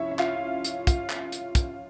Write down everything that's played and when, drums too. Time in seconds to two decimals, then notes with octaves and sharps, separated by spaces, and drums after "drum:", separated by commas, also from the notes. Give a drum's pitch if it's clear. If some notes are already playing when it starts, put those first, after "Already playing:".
Already playing: C2 C3 F3 C#4 E4 C#5 E5
0.11 E5
0.19 F4 F5, drum: clap
0.64 drum: hi-hat
0.87 F4 F5, drum: kick, hi-hat
1.10 drum: clap
1.32 drum: hi-hat
1.55 drum: kick, hi-hat